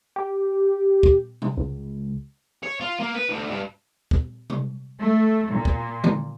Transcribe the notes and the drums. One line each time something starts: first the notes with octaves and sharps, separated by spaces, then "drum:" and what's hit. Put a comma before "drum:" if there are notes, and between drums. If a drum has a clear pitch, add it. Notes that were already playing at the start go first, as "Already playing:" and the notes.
G4
drum: kick
drum: tom C3
C#2
C#5
F4
A#3
B4
D2
G2
drum: kick
drum: tom C3
A3
A#2
drum: kick
drum: tom D3